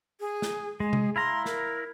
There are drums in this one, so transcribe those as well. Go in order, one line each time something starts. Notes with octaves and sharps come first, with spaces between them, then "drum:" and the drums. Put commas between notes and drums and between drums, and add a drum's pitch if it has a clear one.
G#4
drum: snare
G#3 G#4
drum: tom C3
E4 F5 A#5 C6
A#4, drum: snare